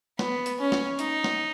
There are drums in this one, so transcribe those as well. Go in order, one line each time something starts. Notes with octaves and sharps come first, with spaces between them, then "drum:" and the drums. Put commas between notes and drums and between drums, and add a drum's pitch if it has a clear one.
B3, drum: snare
drum: hi-hat
C#4
drum: snare
D#4, drum: hi-hat
drum: snare